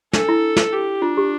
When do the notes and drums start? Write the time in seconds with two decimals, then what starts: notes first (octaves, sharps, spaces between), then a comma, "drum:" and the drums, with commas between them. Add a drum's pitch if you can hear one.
0.13 D4 A4, drum: snare
0.29 E4
0.57 drum: snare
0.73 G4
1.02 D4 F4
1.17 G4